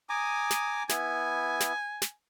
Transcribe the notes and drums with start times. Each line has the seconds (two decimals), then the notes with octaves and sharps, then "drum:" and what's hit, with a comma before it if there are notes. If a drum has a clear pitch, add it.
0.09 G#5 A#5 D6 D#6
0.51 drum: snare
0.89 B3 E4 G#5, drum: snare
1.60 drum: snare
2.02 drum: snare